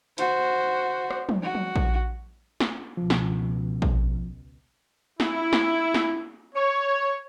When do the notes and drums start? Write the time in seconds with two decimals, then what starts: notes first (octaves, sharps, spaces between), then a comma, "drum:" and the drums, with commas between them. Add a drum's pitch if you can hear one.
0.18 F#4 C5, drum: hi-hat
1.11 drum: rim click
1.29 drum: tom
1.42 F#4
1.55 drum: tom
1.76 drum: kick A#1
2.60 drum: snare
2.97 C#2 B2 F3
3.10 drum: snare
3.82 drum: kick A#1
5.20 E4, drum: snare
5.53 drum: snare
5.94 drum: snare
6.55 C#5